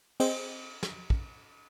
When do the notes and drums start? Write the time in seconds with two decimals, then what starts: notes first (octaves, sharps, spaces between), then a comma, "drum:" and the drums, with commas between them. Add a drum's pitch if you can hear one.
0.20 C4 G#4 C5 D#5, drum: cymbal
0.83 drum: snare
1.10 drum: kick